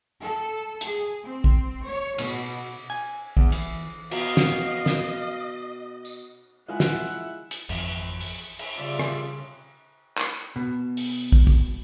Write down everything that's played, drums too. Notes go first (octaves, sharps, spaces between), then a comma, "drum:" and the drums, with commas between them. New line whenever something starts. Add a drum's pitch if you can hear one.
A4
G#4, drum: hi-hat
C4
drum: kick
C#5
B2, drum: cymbal
G#5
E2, drum: kick
E3, drum: cymbal
B2 D#5 F5 A#5, drum: cymbal
drum: snare
drum: snare
drum: tambourine
G#3 E4 F4 E5 F#5
drum: snare
drum: hi-hat
G#1 F2 E3 F3, drum: cymbal
drum: open hi-hat
drum: cymbal
C#3 G3 F4 D5 E5
drum: rim click
drum: clap
B2
drum: open hi-hat
drum: kick
drum: kick